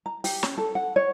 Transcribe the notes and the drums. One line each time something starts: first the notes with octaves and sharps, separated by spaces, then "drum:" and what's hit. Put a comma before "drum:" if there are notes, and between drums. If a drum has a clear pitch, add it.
A#5
G4, drum: open hi-hat
C#4, drum: snare
A4
F#5
C#5